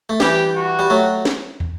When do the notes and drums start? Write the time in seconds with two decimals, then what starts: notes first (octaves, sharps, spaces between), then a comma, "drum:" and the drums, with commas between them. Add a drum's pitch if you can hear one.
0.09 A3
0.20 E3 G3 G4, drum: snare
0.56 F#4
0.79 G3
0.90 F#3 A3
1.25 drum: snare
1.60 drum: tom